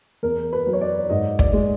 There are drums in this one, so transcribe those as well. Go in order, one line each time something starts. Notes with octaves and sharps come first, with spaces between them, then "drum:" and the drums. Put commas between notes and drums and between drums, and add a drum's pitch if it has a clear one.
E2 A#4
B4
F#3
C#5
D5
G#2 D#5
D5, drum: kick
G#3